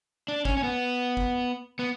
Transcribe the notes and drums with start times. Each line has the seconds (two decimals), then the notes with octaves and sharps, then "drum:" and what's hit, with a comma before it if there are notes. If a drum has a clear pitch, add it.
0.28 D4
0.45 C#4, drum: kick
0.57 C#4
0.64 B3
1.17 drum: kick
1.79 B3